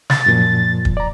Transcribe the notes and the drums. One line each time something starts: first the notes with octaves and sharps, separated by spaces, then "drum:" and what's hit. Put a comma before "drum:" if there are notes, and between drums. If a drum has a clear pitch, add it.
A6, drum: snare
F#2 A#2 F3
drum: kick
D5 A#5